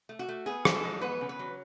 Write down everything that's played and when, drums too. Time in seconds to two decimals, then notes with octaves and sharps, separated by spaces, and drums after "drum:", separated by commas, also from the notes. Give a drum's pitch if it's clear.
0.09 A3
0.19 F#4
0.28 A3
0.46 B3 G#4
0.65 C#3, drum: rim click
0.74 A4
0.84 G#3
1.01 B3 B4
1.21 C#3
1.29 B4
1.39 F#3